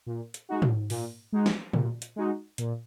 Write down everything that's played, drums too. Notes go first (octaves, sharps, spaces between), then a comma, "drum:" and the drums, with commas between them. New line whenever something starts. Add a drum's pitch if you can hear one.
A#2
drum: hi-hat
G#3 D#4 F#4
drum: tom
A#2, drum: open hi-hat
G#3 D#4 F#4
drum: snare
A#2, drum: tom
drum: hi-hat
G#3 D#4 F#4
A#2, drum: hi-hat